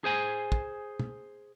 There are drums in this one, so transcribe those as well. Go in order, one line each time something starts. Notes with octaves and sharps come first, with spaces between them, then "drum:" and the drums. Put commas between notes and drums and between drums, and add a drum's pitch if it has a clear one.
G#4 C5 G#5
drum: kick
drum: tom